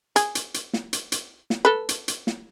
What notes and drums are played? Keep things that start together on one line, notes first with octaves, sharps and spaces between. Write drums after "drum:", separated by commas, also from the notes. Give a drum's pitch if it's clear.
G#4, drum: hi-hat
drum: hi-hat
drum: hi-hat
drum: snare
drum: hi-hat
drum: hi-hat
drum: snare
A4 B4
drum: hi-hat
drum: hi-hat
drum: snare